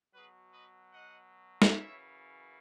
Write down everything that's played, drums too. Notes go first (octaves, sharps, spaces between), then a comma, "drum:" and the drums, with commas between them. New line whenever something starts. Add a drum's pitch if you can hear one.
B2 F#3 G#4 B4
B4 D#5
D#5 F#5
drum: snare
F#2 C#3 E3 C#5 E5